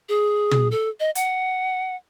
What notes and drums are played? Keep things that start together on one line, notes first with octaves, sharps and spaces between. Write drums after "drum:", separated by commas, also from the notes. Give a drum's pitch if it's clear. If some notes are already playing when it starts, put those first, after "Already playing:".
G#4
drum: tom
A4
D#5
F#5, drum: hi-hat